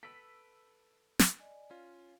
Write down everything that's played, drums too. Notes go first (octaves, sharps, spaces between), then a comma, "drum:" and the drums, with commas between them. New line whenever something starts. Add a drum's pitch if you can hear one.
A4 B4 E6 B6 D7
drum: snare
D5 D#5 G#5
C#4 F4 F5